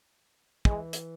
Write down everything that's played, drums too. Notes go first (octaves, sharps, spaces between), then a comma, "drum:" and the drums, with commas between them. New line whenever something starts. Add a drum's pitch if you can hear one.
E3 G#3, drum: kick
drum: hi-hat